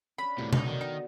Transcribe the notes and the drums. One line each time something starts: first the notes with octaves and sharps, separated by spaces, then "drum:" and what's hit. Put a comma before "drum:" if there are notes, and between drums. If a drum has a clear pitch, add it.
C#4 D4 B5
A2 C3 A#3 B3 F#4
B2 D3 F#3 D#4, drum: tom B2
D#3 F#4 D5 G5
D#4